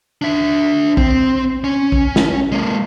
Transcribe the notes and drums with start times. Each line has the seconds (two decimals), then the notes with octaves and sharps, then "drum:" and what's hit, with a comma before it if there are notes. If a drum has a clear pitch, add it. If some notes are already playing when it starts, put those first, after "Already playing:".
0.22 D4 E5
0.97 C4, drum: kick
1.64 C#4
1.92 drum: kick
2.16 drum: snare
2.52 G#3 A#3